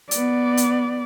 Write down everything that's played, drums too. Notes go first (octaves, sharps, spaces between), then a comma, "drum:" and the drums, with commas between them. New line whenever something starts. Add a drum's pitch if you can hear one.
B3 D5, drum: hi-hat
drum: hi-hat